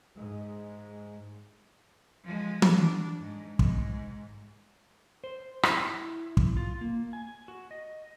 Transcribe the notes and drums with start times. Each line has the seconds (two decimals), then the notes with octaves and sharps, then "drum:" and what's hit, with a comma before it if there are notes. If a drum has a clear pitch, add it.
0.16 G#2 G#3
2.24 F3 G#3
2.62 drum: tom E3
2.77 D4
3.20 G#2
3.59 G#2, drum: kick
5.24 C5
5.63 E4, drum: rim click
5.82 E4
6.37 drum: kick
6.57 F4
6.81 A#3
7.13 G#5
7.48 F#4
7.71 D#5